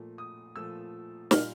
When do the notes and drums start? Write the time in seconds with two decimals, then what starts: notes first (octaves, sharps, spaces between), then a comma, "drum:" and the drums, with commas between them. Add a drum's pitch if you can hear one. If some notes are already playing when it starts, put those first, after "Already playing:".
Already playing: A#2 F3 A3
0.18 D#6
0.56 A#2 F3 A3 E6
1.31 A#2 G3 A#3 F6, drum: snare